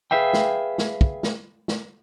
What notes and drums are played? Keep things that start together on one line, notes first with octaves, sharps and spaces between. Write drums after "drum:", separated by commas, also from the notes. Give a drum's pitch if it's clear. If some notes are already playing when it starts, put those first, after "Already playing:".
G#4 A#4 B4 E5 F5 G5
drum: snare
drum: snare
drum: kick
drum: snare
drum: snare